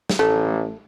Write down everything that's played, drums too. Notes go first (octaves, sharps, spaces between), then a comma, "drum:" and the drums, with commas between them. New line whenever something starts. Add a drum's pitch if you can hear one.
drum: snare
A1 A3